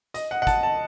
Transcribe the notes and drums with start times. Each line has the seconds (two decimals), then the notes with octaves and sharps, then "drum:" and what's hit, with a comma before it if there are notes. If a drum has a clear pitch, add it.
0.14 D#5, drum: hi-hat
0.31 F#5
0.42 F#5
0.47 A5, drum: kick, hi-hat
0.63 A5